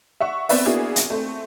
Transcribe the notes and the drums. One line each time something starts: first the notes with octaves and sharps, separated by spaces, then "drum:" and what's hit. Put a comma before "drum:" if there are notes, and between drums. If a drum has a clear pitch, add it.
E5 F#5 C#6
B3 C4 B4 D5 E5, drum: open hi-hat
A#3 B3 D4 E4 F#4 G#4
drum: hi-hat
A3 C4